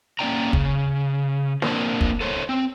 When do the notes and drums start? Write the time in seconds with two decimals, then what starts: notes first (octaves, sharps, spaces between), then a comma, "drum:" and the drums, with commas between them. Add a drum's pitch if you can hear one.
0.19 A#3 C#4 E4 D5 G5 A#5
0.53 C#3, drum: kick
1.62 F3 A#3 C4 D4, drum: snare
2.01 drum: kick
2.21 A4 C5 C#5
2.49 C4